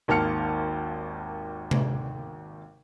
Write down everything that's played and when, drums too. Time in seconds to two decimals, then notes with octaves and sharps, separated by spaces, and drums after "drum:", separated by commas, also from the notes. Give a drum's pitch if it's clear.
0.08 G#1 D#2 A#3 A5 F6 C#7
1.71 drum: tom C3